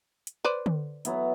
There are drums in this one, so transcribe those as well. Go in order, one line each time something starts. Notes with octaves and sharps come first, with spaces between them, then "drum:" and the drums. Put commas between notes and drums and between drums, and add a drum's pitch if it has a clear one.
drum: hi-hat
B4 C5 D5
drum: tom D3
F#3 B3 E4, drum: hi-hat